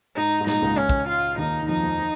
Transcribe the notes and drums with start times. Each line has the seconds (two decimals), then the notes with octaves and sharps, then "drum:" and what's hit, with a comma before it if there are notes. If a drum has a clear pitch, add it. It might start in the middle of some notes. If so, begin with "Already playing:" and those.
0.16 G#2 D#4
0.40 G#2
0.47 A#2 D#4, drum: snare
0.62 C#2 C#3
0.77 C#4
0.89 drum: kick
1.08 F4
1.38 D#2 D#3 D#4
1.62 D#3
1.68 F2 F3 D#4
1.83 F2 F3
1.99 F3